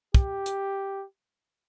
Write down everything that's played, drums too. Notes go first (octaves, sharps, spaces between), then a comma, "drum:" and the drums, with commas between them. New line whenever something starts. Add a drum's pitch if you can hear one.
G4, drum: kick
drum: hi-hat